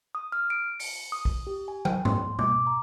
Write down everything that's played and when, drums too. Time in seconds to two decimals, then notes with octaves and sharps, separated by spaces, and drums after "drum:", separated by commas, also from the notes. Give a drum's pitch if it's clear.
0.15 D#6
0.32 F6
0.50 D7
0.80 C#7, drum: open hi-hat
1.12 D#6
1.25 drum: kick
1.47 G4
1.68 G#5
1.85 G5, drum: tom
2.05 C6, drum: tom G#2
2.39 D6, drum: tom B2
2.67 A#5